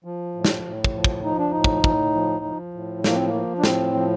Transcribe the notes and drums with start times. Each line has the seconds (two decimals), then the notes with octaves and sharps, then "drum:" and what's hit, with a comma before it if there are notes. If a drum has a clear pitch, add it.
0.04 F3
0.35 A2
0.45 drum: snare
0.65 A2
0.84 drum: kick
0.95 F3
1.04 drum: kick
1.24 F3 D#4
1.38 D4
1.51 A2 D#4
1.64 drum: kick
1.84 A2, drum: kick
2.15 F3
2.45 F3
2.74 A2
3.04 F3 A#3, drum: snare
3.15 C4
3.27 A#3
3.34 F3
3.59 D4
3.64 A2 C4, drum: snare
3.94 F3